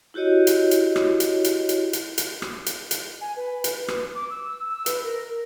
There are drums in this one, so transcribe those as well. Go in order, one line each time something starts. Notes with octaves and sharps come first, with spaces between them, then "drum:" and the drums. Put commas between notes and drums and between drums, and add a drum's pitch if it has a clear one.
E4 F#4 G4 C#5 D#5
drum: hi-hat
drum: hi-hat
drum: rim click
drum: hi-hat
drum: hi-hat
drum: hi-hat
drum: hi-hat
drum: hi-hat
drum: rim click
drum: hi-hat
drum: hi-hat
G#5
B4
drum: hi-hat
B4
drum: rim click
D6
E6
E6
B4, drum: hi-hat
A#4